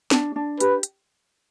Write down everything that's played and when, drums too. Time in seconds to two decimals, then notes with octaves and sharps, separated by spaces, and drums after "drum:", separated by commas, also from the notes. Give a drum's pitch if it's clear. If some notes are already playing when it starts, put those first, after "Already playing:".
0.11 D4, drum: snare
0.36 D4
0.60 G4 B4, drum: hi-hat
0.83 drum: hi-hat